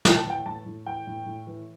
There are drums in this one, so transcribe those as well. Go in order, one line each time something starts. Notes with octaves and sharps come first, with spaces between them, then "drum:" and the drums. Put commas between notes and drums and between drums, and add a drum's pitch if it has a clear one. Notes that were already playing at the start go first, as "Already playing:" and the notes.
A2 G5, drum: snare
A5
E3 G5
A2 A5
A2
E3 G5
A2
A2
E3